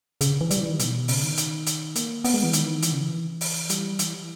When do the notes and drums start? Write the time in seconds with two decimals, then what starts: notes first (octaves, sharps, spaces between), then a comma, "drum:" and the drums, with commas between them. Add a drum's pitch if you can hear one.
0.21 C#3, drum: hi-hat
0.41 E3
0.51 G3, drum: hi-hat
0.60 E3
0.69 D#3
0.79 B2, drum: hi-hat
1.08 C#3, drum: open hi-hat
1.23 D#3
1.37 drum: hi-hat
1.66 drum: hi-hat
1.95 A#3, drum: hi-hat
2.24 B3, drum: open hi-hat
2.34 G#3
2.44 E3
2.53 D#3, drum: hi-hat
2.82 E3, drum: hi-hat
2.92 C#3
3.02 E3
3.41 drum: open hi-hat
3.70 G3, drum: hi-hat
3.99 E3, drum: hi-hat